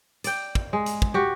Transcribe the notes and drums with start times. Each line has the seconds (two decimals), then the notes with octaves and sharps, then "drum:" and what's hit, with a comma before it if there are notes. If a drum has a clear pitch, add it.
0.24 D5 G5, drum: hi-hat
0.55 drum: kick
0.73 G#3
0.86 drum: hi-hat
1.02 drum: kick
1.14 F#4 G4